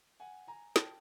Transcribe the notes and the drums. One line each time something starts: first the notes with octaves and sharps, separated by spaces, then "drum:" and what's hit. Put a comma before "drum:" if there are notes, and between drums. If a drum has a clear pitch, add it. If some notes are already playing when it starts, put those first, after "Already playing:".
F#5 G#5
G#5 A#5
G5 A5, drum: snare